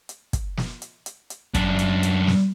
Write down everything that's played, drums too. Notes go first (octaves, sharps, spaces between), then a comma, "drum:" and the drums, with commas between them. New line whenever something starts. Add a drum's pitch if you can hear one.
drum: hi-hat
drum: kick, hi-hat
drum: snare
drum: hi-hat
drum: hi-hat
drum: hi-hat
F#2 D4, drum: kick, hi-hat
drum: hi-hat
drum: hi-hat
drum: snare